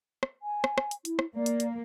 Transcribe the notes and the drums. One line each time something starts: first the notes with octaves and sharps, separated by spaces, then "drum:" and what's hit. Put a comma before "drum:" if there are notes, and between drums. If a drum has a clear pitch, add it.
drum: rim click
G#5
drum: rim click
drum: rim click
drum: hi-hat
E4, drum: hi-hat
drum: rim click
A#3 D5
drum: hi-hat
drum: hi-hat